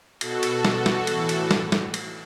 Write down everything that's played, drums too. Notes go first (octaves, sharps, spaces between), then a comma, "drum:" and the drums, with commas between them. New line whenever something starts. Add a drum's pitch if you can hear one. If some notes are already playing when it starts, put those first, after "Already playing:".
B2 F#4 A4, drum: cymbal
drum: cymbal
B2, drum: snare
drum: snare
A2 E3, drum: cymbal
drum: cymbal
drum: snare
drum: snare
drum: cymbal